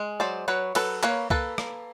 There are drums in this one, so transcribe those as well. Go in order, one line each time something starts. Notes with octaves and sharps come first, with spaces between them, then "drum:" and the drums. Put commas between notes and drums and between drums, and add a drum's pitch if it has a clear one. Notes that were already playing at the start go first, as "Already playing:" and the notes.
Already playing: G#3
F#3 C5 D5
F#3 B4 C#5
F#3 A4 B4, drum: cymbal
A#3 B4 C#5, drum: clap
A#3 A4 B4, drum: kick C2
A#3, drum: rim click